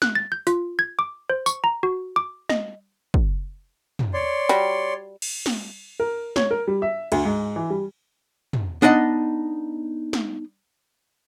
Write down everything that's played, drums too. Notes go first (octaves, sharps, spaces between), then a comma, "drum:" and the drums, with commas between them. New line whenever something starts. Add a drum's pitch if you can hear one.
F#6, drum: snare
A6
G6
F4, drum: hi-hat
G#6
D6
C5
C#6, drum: tambourine
A#5
F#4
D6
D#5, drum: snare
drum: kick
drum: tom
C#5 D5 C6
G3 F#4, drum: hi-hat
drum: cymbal
drum: snare
A#4
C#5, drum: snare
A#4
G3
E5
D2, drum: cymbal
G#2
E3
G3
drum: tom
B3 D4 D#4 D#5 F#5
drum: snare